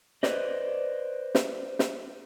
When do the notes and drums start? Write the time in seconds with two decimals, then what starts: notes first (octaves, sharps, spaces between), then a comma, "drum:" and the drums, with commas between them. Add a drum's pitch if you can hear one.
0.23 B4 C5 D5 D#5, drum: snare
1.35 drum: snare
1.79 drum: snare